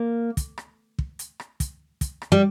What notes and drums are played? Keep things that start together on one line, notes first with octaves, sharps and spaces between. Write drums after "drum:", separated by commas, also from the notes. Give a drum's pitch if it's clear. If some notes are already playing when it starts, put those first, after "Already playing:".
Already playing: A#3
drum: kick, hi-hat
drum: rim click
drum: kick
drum: hi-hat
drum: rim click
drum: kick, hi-hat
drum: kick, hi-hat
drum: rim click
G3